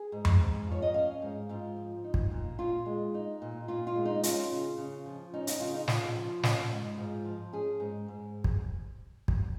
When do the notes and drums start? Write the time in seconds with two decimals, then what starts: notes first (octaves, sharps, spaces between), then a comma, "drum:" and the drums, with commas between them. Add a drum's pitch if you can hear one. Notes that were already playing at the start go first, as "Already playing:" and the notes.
Already playing: G#4
0.12 G#2
0.25 drum: tom F2
0.40 G#2
0.67 F3
0.72 C#5
0.82 D#5
0.94 C#4 F5
1.22 G#2
1.49 G#2 F4
1.76 F3
2.04 D#4
2.14 drum: kick
2.31 A#2
2.58 A#2 F4
2.86 G#3
3.14 D#4
3.42 A#2
3.68 A#2 F4
3.87 F4
3.96 G#3
4.05 D#4
4.23 C#4 F4, drum: hi-hat
4.52 C#3
4.78 C#3
5.06 F3
5.34 C#4 D#4
5.47 D#4, drum: hi-hat
5.60 C#3 F4
5.74 D#4
5.88 C#3 F4, drum: snare
6.16 F3
6.43 C#4, drum: snare
6.71 G#2
6.98 G#2 F4
7.25 F3
7.53 C#4 G#4
7.80 G#2
8.08 G#2
8.44 drum: kick
9.28 drum: kick